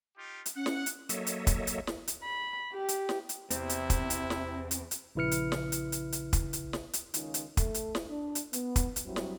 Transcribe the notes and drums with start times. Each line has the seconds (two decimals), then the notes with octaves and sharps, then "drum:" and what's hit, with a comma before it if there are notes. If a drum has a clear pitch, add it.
0.17 D#4 F4 G4
0.46 drum: hi-hat
0.56 C#4 F#5
0.66 drum: snare
0.86 drum: hi-hat
1.09 F#3 A#3 A4 C#5 D#5 E5, drum: hi-hat
1.27 drum: hi-hat
1.47 drum: kick, hi-hat
1.67 drum: hi-hat
1.87 drum: snare
2.08 drum: hi-hat
2.23 B5
2.73 G4
2.89 drum: hi-hat
3.09 drum: snare
3.29 drum: hi-hat
3.50 E2 C3 C4 E4, drum: hi-hat
3.69 drum: hi-hat
3.90 drum: kick, hi-hat
4.10 drum: hi-hat
4.30 drum: snare
4.71 drum: hi-hat
4.91 drum: hi-hat
5.15 A#1 C#3 E4 B4 F6 C#7
5.31 drum: hi-hat
5.52 drum: snare
5.72 drum: hi-hat
5.92 drum: hi-hat
6.12 drum: hi-hat
6.33 drum: kick, hi-hat
6.53 drum: hi-hat
6.73 drum: snare
6.93 drum: hi-hat
7.14 C#2 D#3 C#4 D#4 F4, drum: hi-hat
7.34 drum: hi-hat
7.57 A3, drum: kick, hi-hat
7.74 drum: hi-hat
7.95 drum: snare
8.08 D4
8.35 drum: hi-hat
8.53 B3, drum: hi-hat
8.76 drum: kick, hi-hat
8.96 drum: hi-hat
9.05 G2 F#3 G3 C4 E4 F#4
9.16 drum: snare